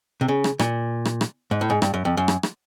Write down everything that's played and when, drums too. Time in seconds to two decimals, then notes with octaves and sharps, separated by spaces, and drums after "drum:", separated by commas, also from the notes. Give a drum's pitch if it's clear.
0.21 C3
0.28 C#3
0.44 drum: rim click
0.59 A#2, drum: rim click
1.05 drum: rim click
1.21 drum: rim click
1.51 G#2
1.61 A2
1.70 G#2
1.82 G2, drum: rim click
1.94 F#2
2.05 F2
2.17 F#2
2.28 drum: rim click
2.43 drum: rim click